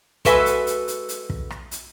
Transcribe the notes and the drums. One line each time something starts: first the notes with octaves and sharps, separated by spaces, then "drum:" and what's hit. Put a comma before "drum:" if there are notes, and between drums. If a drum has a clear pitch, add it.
G#3 F#4 A4 B4 E5 G#5, drum: kick, hi-hat
drum: hi-hat
drum: hi-hat
drum: hi-hat
drum: hi-hat
drum: kick
drum: rim click
drum: hi-hat